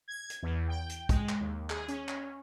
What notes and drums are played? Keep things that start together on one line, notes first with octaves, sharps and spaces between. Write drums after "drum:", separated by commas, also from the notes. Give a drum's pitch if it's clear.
G#6
drum: hi-hat
E2
G5
drum: hi-hat
G#3, drum: kick, hi-hat
drum: clap
D#2
G#4, drum: clap
C#4, drum: hi-hat
drum: clap